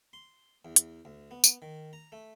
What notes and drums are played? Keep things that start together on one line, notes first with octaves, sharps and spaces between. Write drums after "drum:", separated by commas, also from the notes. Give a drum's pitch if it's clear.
C6
E2
drum: hi-hat
D2
B3
drum: tambourine
D#3
A#5
A3